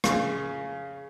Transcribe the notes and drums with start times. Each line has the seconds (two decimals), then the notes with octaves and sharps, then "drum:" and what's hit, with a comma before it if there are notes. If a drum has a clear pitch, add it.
0.04 C#3, drum: rim click